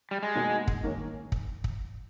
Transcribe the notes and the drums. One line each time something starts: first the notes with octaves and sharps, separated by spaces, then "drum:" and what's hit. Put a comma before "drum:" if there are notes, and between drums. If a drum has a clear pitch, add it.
G3
G#3
B2 A#3 D#4
drum: kick
D#3 A#3 C#4
drum: kick
drum: kick